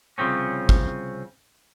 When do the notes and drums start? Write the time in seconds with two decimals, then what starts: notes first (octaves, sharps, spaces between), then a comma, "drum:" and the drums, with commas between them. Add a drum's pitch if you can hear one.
0.18 C2 C#3 F3 C4 C#4
0.69 drum: kick